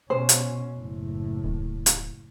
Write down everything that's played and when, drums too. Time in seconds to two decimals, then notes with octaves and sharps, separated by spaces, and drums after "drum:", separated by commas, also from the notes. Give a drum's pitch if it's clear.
0.10 B2 C#4 C5
0.29 drum: hi-hat
0.76 F#1 A2
1.44 D1
1.86 drum: hi-hat